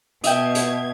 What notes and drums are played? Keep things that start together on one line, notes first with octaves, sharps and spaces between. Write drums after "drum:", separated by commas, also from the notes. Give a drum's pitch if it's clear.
B2 D#5 E5 G5 G#6, drum: hi-hat
drum: hi-hat